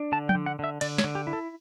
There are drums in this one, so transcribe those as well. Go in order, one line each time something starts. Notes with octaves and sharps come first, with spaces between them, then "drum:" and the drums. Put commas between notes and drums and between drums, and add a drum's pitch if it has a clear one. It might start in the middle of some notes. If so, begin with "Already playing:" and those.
Already playing: D4
D3 A5
G5, drum: tom F3
D3
F#5
D3 E5
D3 D5, drum: cymbal
C#5, drum: snare
D3
G4
E4
A4